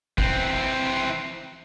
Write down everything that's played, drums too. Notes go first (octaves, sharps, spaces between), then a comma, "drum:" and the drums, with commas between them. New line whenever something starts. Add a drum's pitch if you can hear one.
E3 C4, drum: kick